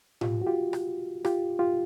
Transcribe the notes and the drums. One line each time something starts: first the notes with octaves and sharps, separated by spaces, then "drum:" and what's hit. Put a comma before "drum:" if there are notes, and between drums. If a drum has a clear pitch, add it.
F4 G4, drum: tom A2
F#4
F4 G4
drum: rim click
F4 G4, drum: rim click
F4 G4